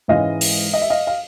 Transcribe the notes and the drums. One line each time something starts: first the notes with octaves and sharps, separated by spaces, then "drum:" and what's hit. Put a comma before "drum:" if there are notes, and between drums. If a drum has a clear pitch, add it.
G#2 E3 G#3 C#4 D#5 F5
drum: open hi-hat
D#5
E5
D#5 F5
F5